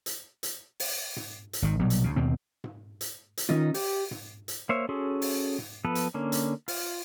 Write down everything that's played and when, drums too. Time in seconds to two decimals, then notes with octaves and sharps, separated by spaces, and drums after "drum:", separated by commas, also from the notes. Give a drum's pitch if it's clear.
0.06 drum: hi-hat
0.43 drum: hi-hat
0.80 drum: open hi-hat
1.16 drum: tom G#2
1.53 drum: hi-hat
1.62 G#1 D#3
1.79 A#1 B2 F#3 G3
1.90 drum: hi-hat
2.04 D2 C#3
2.16 D#2 B2 C4
2.64 drum: tom G#2
3.01 drum: hi-hat
3.37 drum: hi-hat
3.49 D#3 C#4 D#4 F4
3.74 G4, drum: open hi-hat
4.11 drum: tom G#2
4.48 drum: hi-hat
4.69 A#3 C5 C#5 E5
4.89 C#4 F#4 G#4 A4 C6
5.22 drum: open hi-hat
5.58 drum: tom G#2
5.84 F3 B3 A4 B4
5.95 drum: hi-hat
6.14 D3 A#3 C#4
6.32 drum: hi-hat
6.68 F4, drum: open hi-hat